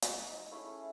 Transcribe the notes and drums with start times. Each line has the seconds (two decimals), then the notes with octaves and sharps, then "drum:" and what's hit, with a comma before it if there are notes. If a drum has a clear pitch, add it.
0.02 drum: hi-hat
0.23 D#4
0.51 A3 C#4 E4 G#4